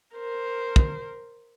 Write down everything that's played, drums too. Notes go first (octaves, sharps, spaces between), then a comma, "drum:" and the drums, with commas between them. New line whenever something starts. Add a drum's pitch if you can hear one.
A#4 C5
drum: kick